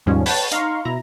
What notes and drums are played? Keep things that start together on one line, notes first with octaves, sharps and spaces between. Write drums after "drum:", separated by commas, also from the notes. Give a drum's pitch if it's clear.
D#2 G#2 B2 F3 G3 C#4
B4 C#5 G5 A5, drum: open hi-hat
D#4 F5 A#5 C6 C#6, drum: hi-hat
B2 E4 A#5